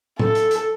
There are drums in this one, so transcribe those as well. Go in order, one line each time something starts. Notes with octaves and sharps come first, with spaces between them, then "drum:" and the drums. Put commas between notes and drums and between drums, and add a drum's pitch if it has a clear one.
A4, drum: tom A2
drum: hi-hat
drum: hi-hat